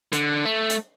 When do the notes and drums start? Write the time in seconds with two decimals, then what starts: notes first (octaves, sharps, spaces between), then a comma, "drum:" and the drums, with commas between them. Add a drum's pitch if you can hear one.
0.13 D3, drum: hi-hat
0.45 A3
0.70 drum: hi-hat